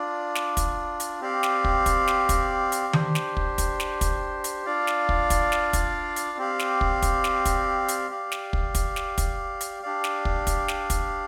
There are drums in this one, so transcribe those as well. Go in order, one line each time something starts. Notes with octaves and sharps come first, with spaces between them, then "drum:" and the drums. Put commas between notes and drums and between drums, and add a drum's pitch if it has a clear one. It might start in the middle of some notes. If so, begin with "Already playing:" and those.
Already playing: D4 F4 D5
drum: snare
drum: kick, hi-hat
drum: hi-hat
C4 G4 D5 F5
drum: snare
drum: kick
drum: kick, hi-hat
drum: snare
drum: kick, hi-hat
drum: hi-hat
D4 G4 C5, drum: tom D#3
drum: snare
drum: kick
drum: kick, hi-hat
drum: snare
drum: kick, hi-hat
drum: hi-hat
D4 F4 D5 F5
drum: snare
drum: kick
drum: kick, hi-hat
drum: snare
drum: kick, hi-hat
drum: hi-hat
C4 G4 D5 F5
drum: snare
drum: kick
drum: kick, hi-hat
drum: snare
drum: kick, hi-hat
drum: hi-hat
G4 D5 F5
drum: snare
drum: kick
drum: kick, hi-hat
drum: snare
drum: kick, hi-hat
drum: hi-hat
D4 G4 D5 F5
drum: snare
drum: kick
drum: kick, hi-hat
drum: snare
drum: kick, hi-hat